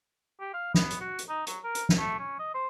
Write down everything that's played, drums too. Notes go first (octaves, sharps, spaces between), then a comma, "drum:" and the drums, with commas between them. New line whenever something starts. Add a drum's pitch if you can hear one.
G4
F5
B3, drum: snare
drum: hi-hat
F#4
drum: hi-hat
D#4
F#3, drum: hi-hat
A#4
drum: hi-hat
drum: snare
A3
C#4
D#5
C5